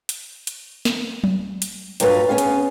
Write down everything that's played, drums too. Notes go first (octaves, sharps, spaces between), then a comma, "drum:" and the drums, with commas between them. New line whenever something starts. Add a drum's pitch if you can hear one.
drum: hi-hat
drum: hi-hat
drum: snare
drum: tom F#3
drum: hi-hat
G2 F#3 E4 F4 B4, drum: hi-hat
B3 C#4 G#4 F5
drum: hi-hat